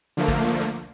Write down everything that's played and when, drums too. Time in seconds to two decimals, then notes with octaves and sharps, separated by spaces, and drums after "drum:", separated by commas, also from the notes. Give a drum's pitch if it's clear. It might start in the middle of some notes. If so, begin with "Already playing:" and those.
0.17 D3 F3 A3 A#3
0.28 drum: kick